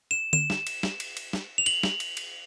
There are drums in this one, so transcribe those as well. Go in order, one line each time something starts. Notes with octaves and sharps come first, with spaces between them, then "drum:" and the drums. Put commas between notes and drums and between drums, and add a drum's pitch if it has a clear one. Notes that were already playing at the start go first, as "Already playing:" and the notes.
E7
E7, drum: tom D3
drum: snare
drum: cymbal
drum: snare
drum: cymbal
drum: cymbal
drum: snare
F7
F#7, drum: cymbal
drum: snare
drum: cymbal
drum: cymbal